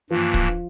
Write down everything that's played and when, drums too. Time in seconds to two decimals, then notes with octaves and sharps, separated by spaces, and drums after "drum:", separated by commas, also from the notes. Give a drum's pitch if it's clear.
0.10 G2 E3 F3 A#3
0.34 drum: kick